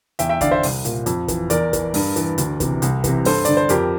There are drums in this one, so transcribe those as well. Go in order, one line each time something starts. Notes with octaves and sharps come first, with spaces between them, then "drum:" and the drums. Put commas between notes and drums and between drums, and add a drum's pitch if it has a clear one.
E2 E5 G5, drum: hi-hat
E5 G5
D3 D5 F5, drum: kick, hi-hat
C5 E5
C2, drum: open hi-hat
A#2, drum: hi-hat
F2, drum: hi-hat
E3, drum: kick, hi-hat
E2 A#4 D5, drum: hi-hat
E3, drum: kick, hi-hat
G2, drum: open hi-hat
E3, drum: hi-hat
D2, drum: hi-hat
C3 E3, drum: kick, hi-hat
C2, drum: hi-hat
C3 E3, drum: kick, hi-hat
G2 A4 C5, drum: open hi-hat
D3 D5, drum: hi-hat
C5
F2 G4 A#4, drum: hi-hat